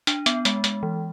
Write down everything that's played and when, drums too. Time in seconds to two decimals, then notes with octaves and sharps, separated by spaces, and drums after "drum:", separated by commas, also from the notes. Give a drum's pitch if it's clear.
0.07 D4, drum: hi-hat
0.26 B3, drum: hi-hat
0.45 G#3, drum: hi-hat
0.64 G#3, drum: hi-hat
0.83 E3